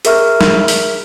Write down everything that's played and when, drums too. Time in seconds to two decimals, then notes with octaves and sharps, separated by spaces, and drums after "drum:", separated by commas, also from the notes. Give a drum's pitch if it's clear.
0.05 G#4 A#4 E5 C#6 F6, drum: hi-hat
0.41 drum: snare
0.68 drum: open hi-hat